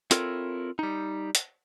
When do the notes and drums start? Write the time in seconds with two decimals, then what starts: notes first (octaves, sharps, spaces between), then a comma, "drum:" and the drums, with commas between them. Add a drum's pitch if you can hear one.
0.11 C4 E4 F4 A4 A#4 C#5, drum: hi-hat
0.79 G3 D#4
1.35 drum: hi-hat